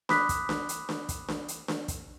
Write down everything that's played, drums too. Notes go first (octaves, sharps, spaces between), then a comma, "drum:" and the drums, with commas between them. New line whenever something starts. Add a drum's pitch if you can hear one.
B5 D6 D#6 F#6 B6, drum: snare D4
drum: kick, hi-hat
drum: snare D4
drum: hi-hat
drum: snare D4
drum: kick, hi-hat
drum: snare D4
drum: hi-hat
drum: snare D4
drum: kick, hi-hat